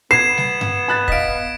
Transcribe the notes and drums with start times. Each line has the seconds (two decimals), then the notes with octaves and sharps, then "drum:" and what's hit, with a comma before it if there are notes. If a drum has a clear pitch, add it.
0.11 B3 G#6 C7 E7
0.38 drum: snare G3
0.61 drum: tom G2
0.88 B5 F#6 A6
1.08 D#5 F5 B6 D7, drum: kick